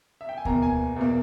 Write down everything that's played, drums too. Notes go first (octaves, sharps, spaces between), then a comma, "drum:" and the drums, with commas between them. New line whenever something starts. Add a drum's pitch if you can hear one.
E5
G5
G#5
E2 B2 A#3 A#5, drum: kick D2
G#5
E2 B2 A#3